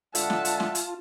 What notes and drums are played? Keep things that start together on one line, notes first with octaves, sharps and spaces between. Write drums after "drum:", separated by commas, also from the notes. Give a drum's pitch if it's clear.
D3 G#3 F4 E5 F#5 A5, drum: hi-hat
drum: snare
drum: hi-hat
drum: snare
drum: hi-hat